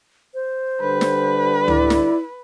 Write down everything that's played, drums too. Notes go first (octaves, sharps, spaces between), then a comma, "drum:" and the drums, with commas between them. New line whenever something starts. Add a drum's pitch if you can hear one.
C5
D3 G3 B4
drum: snare
E4 D5, drum: tom C#2
drum: snare